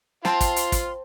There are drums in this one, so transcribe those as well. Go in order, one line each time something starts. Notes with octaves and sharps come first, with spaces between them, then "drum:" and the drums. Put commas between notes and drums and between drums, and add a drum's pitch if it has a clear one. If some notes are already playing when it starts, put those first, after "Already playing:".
C4 F4 F5 G5 A5 C6, drum: snare
drum: kick, hi-hat
drum: hi-hat
drum: kick, hi-hat